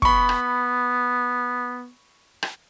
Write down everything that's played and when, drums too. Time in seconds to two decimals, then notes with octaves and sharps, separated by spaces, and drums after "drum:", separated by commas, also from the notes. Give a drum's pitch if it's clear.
0.02 B3 B5 C#6, drum: kick
0.29 drum: rim click
2.43 drum: rim click